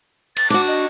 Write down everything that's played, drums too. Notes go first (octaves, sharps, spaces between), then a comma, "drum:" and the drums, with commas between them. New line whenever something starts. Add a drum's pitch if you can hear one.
A6, drum: cymbal
D4 F#4 D6, drum: cymbal
D#5